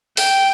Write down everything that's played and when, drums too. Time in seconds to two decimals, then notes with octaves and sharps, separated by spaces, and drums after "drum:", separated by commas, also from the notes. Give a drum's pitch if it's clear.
0.17 G5, drum: open hi-hat